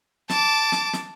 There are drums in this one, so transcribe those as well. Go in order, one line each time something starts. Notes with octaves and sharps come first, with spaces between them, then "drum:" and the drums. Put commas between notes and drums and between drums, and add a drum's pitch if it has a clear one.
A5 D6, drum: snare
drum: snare
drum: snare